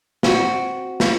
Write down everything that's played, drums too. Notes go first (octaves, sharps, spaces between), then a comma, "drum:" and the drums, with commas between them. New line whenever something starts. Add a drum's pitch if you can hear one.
C4 F#4, drum: snare
drum: snare